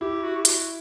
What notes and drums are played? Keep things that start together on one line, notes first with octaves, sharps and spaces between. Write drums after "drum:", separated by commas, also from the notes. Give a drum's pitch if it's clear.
E4 G4
F#4
G4
F#4, drum: hi-hat